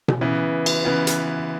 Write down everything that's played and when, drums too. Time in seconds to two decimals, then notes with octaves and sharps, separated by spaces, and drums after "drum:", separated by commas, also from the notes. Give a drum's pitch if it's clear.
0.08 drum: tom B2
0.21 C#3 E3 B3
0.66 drum: cymbal
0.84 C#3 E3 B3
1.07 drum: hi-hat